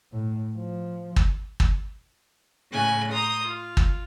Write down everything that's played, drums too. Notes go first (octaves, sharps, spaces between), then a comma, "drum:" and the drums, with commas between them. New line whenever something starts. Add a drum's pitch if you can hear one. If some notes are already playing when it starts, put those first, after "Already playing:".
A2
F3
drum: kick
drum: kick
A2 C#3 G#5 F#6
A#5 C6 D#6 G6
F4
drum: kick